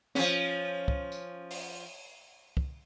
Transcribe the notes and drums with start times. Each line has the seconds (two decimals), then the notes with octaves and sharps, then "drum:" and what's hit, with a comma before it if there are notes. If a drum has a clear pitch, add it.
0.15 F3 C#4, drum: snare
0.88 drum: kick
1.12 drum: tambourine
1.51 drum: open hi-hat
2.57 drum: kick